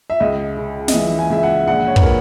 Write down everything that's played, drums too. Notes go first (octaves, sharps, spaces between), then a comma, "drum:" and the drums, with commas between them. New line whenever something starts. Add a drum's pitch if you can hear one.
E5
C#2 D#5
C#3
D#5, drum: snare
E3 E5
G#5
C#2 E5
F#5
A#1 F#5
C#5
B4, drum: kick
A#2 A#4